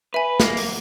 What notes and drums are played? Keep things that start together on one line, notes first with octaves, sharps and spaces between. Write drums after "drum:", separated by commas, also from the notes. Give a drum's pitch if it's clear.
B4 E5 G#5
A#3, drum: snare
drum: open hi-hat